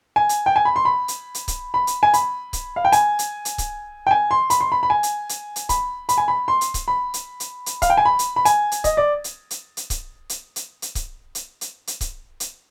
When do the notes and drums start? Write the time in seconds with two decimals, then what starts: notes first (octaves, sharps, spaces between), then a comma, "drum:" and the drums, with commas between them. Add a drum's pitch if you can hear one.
0.16 G#5
0.29 drum: hi-hat
0.46 G5
0.56 G#5
0.65 B5
0.76 C6
0.85 B5
1.08 drum: hi-hat
1.35 drum: hi-hat
1.48 drum: kick C#1, hi-hat
1.74 B5
1.87 drum: hi-hat
2.03 G#5
2.14 B5, drum: hi-hat
2.53 drum: kick C#1, hi-hat
2.76 F5
2.85 G5
2.92 G#5, drum: hi-hat
3.19 drum: hi-hat
3.45 drum: hi-hat
3.58 drum: kick C#1, hi-hat
4.07 G5
4.11 G#5
4.31 C6
4.50 B5, drum: hi-hat
4.61 C6
4.72 B5
4.83 B5
4.90 G#5
5.03 drum: hi-hat
5.29 drum: hi-hat
5.56 drum: hi-hat
5.69 B5, drum: kick C#1, hi-hat
6.09 B5, drum: hi-hat
6.18 G#5
6.28 B5
6.48 C6
6.61 drum: hi-hat
6.74 drum: kick C#1, hi-hat
6.88 B5
7.14 drum: hi-hat
7.40 drum: hi-hat
7.66 drum: hi-hat
7.82 F5, drum: kick C#1, hi-hat
7.90 G5
7.97 G#5
8.05 B5
8.19 drum: hi-hat
8.36 B5
8.45 G#5, drum: hi-hat
8.72 drum: hi-hat
8.84 D#5, drum: kick C#1, hi-hat
8.97 D5
9.24 drum: hi-hat
9.51 drum: hi-hat
9.77 drum: hi-hat
9.90 drum: kick C#1, hi-hat
10.29 drum: hi-hat
10.56 drum: hi-hat
10.82 drum: hi-hat
10.95 drum: kick C#1, hi-hat
11.35 drum: hi-hat
11.61 drum: hi-hat
11.87 drum: hi-hat
12.01 drum: kick C#1, hi-hat
12.40 drum: hi-hat